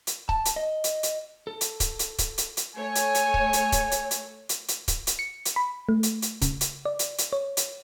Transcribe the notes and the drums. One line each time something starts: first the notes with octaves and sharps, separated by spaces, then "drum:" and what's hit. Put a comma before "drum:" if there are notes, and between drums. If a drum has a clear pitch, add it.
drum: hi-hat
A5, drum: kick C#1
drum: hi-hat
D#5
drum: hi-hat
drum: hi-hat
A4
drum: hi-hat
drum: kick C#1, hi-hat
drum: hi-hat
drum: kick C#1, hi-hat
drum: hi-hat
drum: hi-hat
A3 C#5 G#5
drum: hi-hat
drum: hi-hat
drum: kick C#1
drum: hi-hat
drum: kick C#1, hi-hat
drum: hi-hat
drum: hi-hat
drum: hi-hat
drum: hi-hat
drum: kick C#1, hi-hat
drum: hi-hat
C#7
drum: hi-hat
B5
A3
drum: hi-hat
drum: hi-hat
C#3, drum: kick C#1, hi-hat
drum: hi-hat
D5
drum: hi-hat
drum: hi-hat
C#5
drum: hi-hat